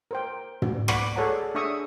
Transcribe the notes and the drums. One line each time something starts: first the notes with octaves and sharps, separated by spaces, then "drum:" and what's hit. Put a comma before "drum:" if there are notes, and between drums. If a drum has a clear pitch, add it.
A#4 C5 G5
drum: tom
D5 F#5 B5 C#6 D6, drum: rim click
G#4 A4 C#5 D5 F#5 A#5
D4 G#4 E5 C#6 D#6